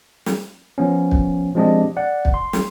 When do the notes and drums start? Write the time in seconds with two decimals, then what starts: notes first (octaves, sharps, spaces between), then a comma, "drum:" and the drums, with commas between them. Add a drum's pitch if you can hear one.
0.26 drum: snare
0.78 F3 B3 C#4
1.11 drum: kick
1.55 F3 G#3 C4 D4 G4 D#5
1.97 D5 F#5
2.25 drum: kick
2.34 C6
2.53 drum: snare